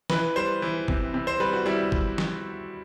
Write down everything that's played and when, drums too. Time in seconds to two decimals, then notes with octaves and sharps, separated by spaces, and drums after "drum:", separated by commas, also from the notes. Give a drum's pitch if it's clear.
0.10 E3 B4, drum: snare
0.36 G3 C5
0.62 E3
0.88 C3, drum: kick G#1
1.14 C3
1.27 C5
1.40 G3 B4
1.53 F#4
1.66 G3 E4
1.92 drum: kick G#1
2.18 drum: snare